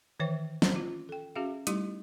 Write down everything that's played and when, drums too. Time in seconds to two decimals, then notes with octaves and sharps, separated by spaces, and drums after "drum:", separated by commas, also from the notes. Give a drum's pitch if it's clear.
0.20 D#3 E3 B4 C#5 E5 G5
0.62 C#4 C5, drum: snare
0.76 F4
1.09 A4 G5
1.36 C#4 F#4 G#4 E5 F5
1.67 G3 A3 D#4 E4 G4, drum: hi-hat